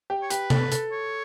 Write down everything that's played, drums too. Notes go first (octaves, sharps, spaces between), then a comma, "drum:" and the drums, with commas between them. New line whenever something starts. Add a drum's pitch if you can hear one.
G4
C#5
G4 B4, drum: hi-hat
A4, drum: tom C3
A4, drum: hi-hat
C#5